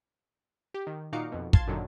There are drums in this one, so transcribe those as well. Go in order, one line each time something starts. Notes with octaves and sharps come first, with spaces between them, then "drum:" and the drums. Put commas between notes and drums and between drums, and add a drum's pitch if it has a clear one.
G4
D#3
A#2 D#4 F#4 F5 D6 C#7
F2 B2
F5 A5 C6 G#6 A6 C7, drum: kick
F#2 A#2 D3 D#3 F#3